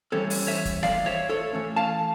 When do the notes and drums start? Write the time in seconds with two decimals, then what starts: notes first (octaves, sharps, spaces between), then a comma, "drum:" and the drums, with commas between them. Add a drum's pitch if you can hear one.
0.12 E3 G3 C#4 A4 C#5
0.30 drum: open hi-hat
0.47 C#5 E5
0.65 drum: kick F1, hi-hat
0.83 D5 F5, drum: snare
1.06 C#5 E5
1.29 A4 C#5
1.53 E3 A3 C#4
1.76 F5 A5